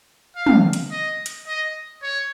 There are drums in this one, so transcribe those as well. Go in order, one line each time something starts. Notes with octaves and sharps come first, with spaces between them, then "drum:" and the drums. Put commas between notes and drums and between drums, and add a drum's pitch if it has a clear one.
F5
drum: tom
drum: hi-hat
D#5
drum: hi-hat
D#5
C#5